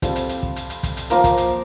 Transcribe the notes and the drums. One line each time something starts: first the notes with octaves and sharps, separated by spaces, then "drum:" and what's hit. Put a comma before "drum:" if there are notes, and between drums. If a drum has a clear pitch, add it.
G3 C4 F4 A4, drum: kick, hi-hat
drum: hi-hat
drum: hi-hat
drum: kick
drum: hi-hat
drum: hi-hat
drum: kick, hi-hat
drum: hi-hat
F3 A#3 F4 A#4, drum: hi-hat
drum: kick, hi-hat
drum: hi-hat